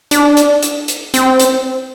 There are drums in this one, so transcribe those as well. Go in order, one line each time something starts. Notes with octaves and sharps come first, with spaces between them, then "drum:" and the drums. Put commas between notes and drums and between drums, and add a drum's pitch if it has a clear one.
D4, drum: hi-hat
drum: hi-hat
drum: hi-hat
drum: hi-hat
C4, drum: hi-hat
drum: hi-hat